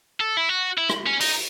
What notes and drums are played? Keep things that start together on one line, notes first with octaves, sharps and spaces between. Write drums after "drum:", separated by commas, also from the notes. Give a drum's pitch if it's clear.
A4
E4
F#4
E4
drum: rim click
C#4
D#4, drum: open hi-hat